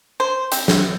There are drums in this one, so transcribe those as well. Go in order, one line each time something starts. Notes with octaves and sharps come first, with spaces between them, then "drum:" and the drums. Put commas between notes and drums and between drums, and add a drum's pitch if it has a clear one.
C5
C4, drum: hi-hat
drum: snare